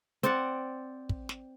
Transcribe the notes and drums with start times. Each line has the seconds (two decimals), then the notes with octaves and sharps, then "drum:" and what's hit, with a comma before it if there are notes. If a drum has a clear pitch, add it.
0.23 C4 D5 F#5, drum: hi-hat
1.09 drum: kick
1.29 drum: snare